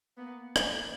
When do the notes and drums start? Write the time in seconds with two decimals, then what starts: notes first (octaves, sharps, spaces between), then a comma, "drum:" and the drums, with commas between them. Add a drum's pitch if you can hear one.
0.17 A#3 B3
0.56 A#3, drum: rim click